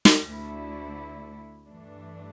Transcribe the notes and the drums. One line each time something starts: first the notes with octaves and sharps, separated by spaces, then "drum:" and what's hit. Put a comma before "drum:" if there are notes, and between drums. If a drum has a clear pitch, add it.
drum: snare
D2 D3 A3 E4
G2 E3 A3 D4